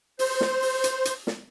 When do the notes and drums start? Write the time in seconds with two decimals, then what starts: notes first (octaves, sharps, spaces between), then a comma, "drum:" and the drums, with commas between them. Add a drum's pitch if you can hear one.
0.19 C5, drum: open hi-hat
0.41 drum: snare
0.62 drum: open hi-hat
0.84 drum: hi-hat
1.05 drum: hi-hat
1.27 drum: snare